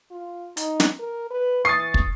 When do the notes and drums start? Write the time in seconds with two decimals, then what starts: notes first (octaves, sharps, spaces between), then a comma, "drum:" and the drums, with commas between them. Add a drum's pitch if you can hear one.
0.11 F4
0.57 D#4, drum: hi-hat
0.80 drum: snare
0.99 A#4
1.31 B4
1.65 E3 C#6 D#6 A6 C7
1.94 drum: kick